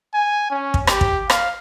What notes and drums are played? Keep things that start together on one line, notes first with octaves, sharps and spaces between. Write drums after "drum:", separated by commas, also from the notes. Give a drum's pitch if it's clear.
G#5
C#4
drum: kick
G4, drum: rim click
drum: kick
F5, drum: rim click